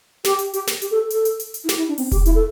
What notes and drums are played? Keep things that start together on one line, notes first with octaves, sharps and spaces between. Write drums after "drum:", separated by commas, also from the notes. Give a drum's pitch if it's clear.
G4, drum: snare
drum: hi-hat
G4, drum: hi-hat
drum: snare
G4, drum: hi-hat
A4
A4, drum: hi-hat
drum: hi-hat
drum: hi-hat
drum: hi-hat
E4
G4, drum: snare
E4
D4
C4, drum: open hi-hat
G4, drum: kick E1, hi-hat
E4, drum: hi-hat
A4